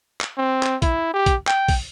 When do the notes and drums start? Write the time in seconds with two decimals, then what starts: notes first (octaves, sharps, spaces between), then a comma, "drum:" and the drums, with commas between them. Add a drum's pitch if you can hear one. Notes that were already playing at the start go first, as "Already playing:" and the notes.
0.21 drum: clap
0.37 C4
0.63 drum: clap
0.82 E4, drum: kick, hi-hat
1.14 G4
1.26 drum: kick, hi-hat
1.47 G5, drum: clap
1.68 drum: kick, open hi-hat